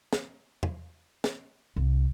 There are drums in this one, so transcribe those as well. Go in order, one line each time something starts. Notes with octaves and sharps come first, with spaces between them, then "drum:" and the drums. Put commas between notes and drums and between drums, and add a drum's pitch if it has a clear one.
drum: snare
drum: tom E2
drum: snare
C2